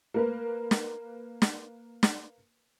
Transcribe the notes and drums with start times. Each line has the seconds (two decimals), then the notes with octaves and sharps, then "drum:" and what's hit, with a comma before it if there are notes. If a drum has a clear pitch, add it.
0.14 A#3 A#4 B4
0.71 drum: snare
1.42 drum: snare
2.03 drum: snare